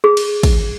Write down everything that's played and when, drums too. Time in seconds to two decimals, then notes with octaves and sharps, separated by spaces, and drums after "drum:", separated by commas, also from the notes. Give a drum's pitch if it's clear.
0.04 G#4
0.17 drum: cymbal
0.43 drum: kick, cymbal